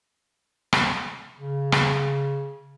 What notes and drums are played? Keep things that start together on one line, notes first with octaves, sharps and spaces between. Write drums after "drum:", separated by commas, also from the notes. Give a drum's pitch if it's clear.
drum: rim click
C#3
drum: rim click